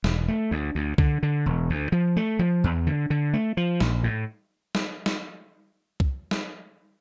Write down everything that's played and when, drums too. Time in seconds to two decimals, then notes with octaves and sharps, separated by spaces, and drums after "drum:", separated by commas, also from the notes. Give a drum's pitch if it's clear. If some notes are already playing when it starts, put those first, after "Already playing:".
0.04 E1, drum: snare
0.28 A3
0.51 D2
0.75 D2
0.98 D3, drum: kick C2
1.23 D3
1.46 E1
1.70 D2
1.92 F3
2.16 A3
2.39 F3
2.64 E2
2.87 D3
3.10 D3
3.33 A3
3.57 F3
3.80 A#1, drum: snare
4.04 A2
4.75 drum: snare
5.06 drum: snare
6.00 drum: kick C2
6.31 drum: snare